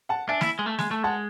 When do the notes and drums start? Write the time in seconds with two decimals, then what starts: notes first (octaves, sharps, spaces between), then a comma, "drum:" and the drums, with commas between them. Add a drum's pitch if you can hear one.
0.09 F#5 A5
0.29 D4 E5 G#5
0.41 E4, drum: snare
0.59 G#3
0.66 A3
0.79 G#3, drum: snare
0.91 A3
1.03 G#3 F#5 A5